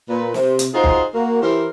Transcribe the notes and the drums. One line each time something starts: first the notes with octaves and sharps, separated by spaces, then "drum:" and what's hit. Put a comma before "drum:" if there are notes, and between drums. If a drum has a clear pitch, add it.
A#2 B4
C3, drum: snare
drum: hi-hat
D#4 F4 F#4 G#4 C5
drum: kick
A#3 F#4
E3 G4 A#4 C5